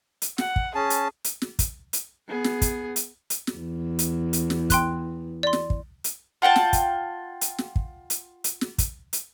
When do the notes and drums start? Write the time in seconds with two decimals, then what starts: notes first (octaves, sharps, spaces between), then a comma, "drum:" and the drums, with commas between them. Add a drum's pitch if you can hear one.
0.22 drum: hi-hat
0.38 F#5, drum: snare
0.56 drum: kick
0.75 C#4 G#4 A5
0.90 drum: hi-hat
1.24 drum: hi-hat
1.42 drum: snare
1.59 drum: kick, hi-hat
1.93 drum: hi-hat
2.27 B3 G#4
2.44 drum: snare
2.62 drum: kick, hi-hat
2.96 drum: hi-hat
3.30 drum: hi-hat
3.47 drum: snare
3.58 E2
3.99 drum: hi-hat
4.33 drum: hi-hat
4.50 drum: snare
4.70 G5 C6 F#6, drum: kick, hi-hat
5.43 D5 C6
5.53 drum: snare
5.70 drum: kick
6.04 drum: hi-hat
6.42 F4 F#5 G5 A5
6.56 drum: snare
6.73 drum: kick, hi-hat
7.41 drum: hi-hat
7.58 drum: snare
7.76 drum: kick
8.10 drum: hi-hat
8.44 drum: hi-hat
8.61 drum: snare
8.78 drum: kick, hi-hat
9.13 drum: hi-hat